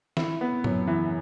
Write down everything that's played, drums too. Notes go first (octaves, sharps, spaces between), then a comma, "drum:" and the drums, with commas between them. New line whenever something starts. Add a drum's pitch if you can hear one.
E4, drum: snare
B3
F#2, drum: tom
E3